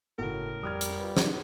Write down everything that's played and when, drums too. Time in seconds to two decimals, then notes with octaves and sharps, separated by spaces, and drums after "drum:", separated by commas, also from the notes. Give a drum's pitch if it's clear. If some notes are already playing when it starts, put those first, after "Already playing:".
0.18 G1 A2 C#3 F#4 A4 A#4
0.63 F2 G3 D#6 F6 G#6
0.81 drum: hi-hat
1.00 F4 B4
1.17 drum: snare